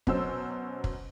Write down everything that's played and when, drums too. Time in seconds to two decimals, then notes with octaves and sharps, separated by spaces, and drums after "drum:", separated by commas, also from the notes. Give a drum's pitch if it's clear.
0.07 B2 F#3 C#4 C5 E6, drum: kick
0.84 drum: kick